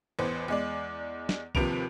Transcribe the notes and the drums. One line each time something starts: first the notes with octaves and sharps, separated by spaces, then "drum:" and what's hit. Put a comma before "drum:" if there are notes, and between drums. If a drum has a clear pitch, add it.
A1 E2 B4 C5
E2 G#3 D5
drum: snare
D#2 C3 F3 B4 D7 F7, drum: kick B1